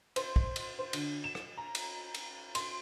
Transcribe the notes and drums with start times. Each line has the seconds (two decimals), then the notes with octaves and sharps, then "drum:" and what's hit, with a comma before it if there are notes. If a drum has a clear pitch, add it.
0.16 C5, drum: cymbal
0.36 drum: kick
0.56 drum: cymbal
0.79 C5
0.93 D3, drum: cymbal
1.24 E7
1.35 drum: rim click
1.58 A#5
1.75 drum: cymbal
2.14 drum: cymbal
2.55 C6, drum: cymbal